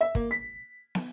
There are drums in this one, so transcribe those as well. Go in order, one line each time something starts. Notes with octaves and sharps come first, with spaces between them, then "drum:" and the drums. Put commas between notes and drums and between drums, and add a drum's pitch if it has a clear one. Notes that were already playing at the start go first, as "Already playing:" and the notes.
E5
A#3, drum: kick
B6
drum: snare